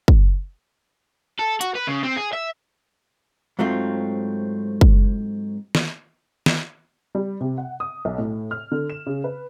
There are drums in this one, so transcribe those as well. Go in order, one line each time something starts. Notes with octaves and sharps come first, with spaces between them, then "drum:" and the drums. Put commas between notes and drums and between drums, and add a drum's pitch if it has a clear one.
drum: kick
A4
F#4, drum: hi-hat
B4
C#3
C4
G#4
E5
G#2 F#3 A3 C4 F4
drum: kick
drum: snare
drum: snare
G3
C3
F#5
D#6
B1
A2
F6
D3
E7
C#3
B4